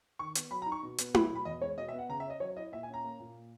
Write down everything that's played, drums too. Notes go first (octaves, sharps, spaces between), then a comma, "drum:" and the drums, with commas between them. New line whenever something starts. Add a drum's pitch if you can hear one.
D#3 C#6
B3, drum: hi-hat
F#3 B5
A#5
D#4
C#6
B2
B3, drum: hi-hat
F#3 B5, drum: tom E4
B2
B5
E2 D#5
G#3 C#5
B2 D#5
E5
B3
F#5
C#3 A#5
E5
C#4 D#5
F#3 C#5
E4 D#5
A#2 E5
G#5
C#4
A#5
A#3
A#2